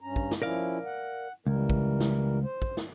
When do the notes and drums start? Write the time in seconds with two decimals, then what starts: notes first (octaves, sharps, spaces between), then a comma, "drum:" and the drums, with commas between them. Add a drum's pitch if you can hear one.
0.01 G2 C#4 A#5
0.16 drum: kick
0.31 drum: snare
0.42 F3 C#4 E4 A#4 D5 F5
0.85 F#5
1.47 C#2 E3 G3 A#4
1.70 drum: kick
2.00 drum: snare
2.43 C5
2.62 drum: kick
2.77 drum: snare